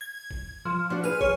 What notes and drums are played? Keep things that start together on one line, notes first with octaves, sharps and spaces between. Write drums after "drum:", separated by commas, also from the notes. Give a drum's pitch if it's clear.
G#6
drum: kick
F3
F3 D4 F#4
G#4 B4 F6 D#7
G#4 C#5, drum: kick